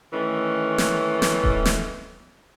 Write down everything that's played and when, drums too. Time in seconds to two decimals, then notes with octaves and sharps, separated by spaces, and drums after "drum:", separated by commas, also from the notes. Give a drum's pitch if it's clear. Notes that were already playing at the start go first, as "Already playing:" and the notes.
0.13 D#3 E3 A3 C#4
0.78 drum: snare
1.22 drum: snare
1.44 drum: kick D#1
1.65 drum: snare